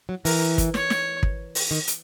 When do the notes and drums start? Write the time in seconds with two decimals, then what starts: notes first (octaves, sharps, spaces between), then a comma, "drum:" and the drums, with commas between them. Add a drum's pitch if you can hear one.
0.09 F#3
0.25 E3 A#4, drum: open hi-hat
0.58 drum: kick, hi-hat
0.74 C#5, drum: snare
0.90 drum: snare
1.23 drum: kick
1.55 drum: open hi-hat
1.71 D#3
1.87 drum: hi-hat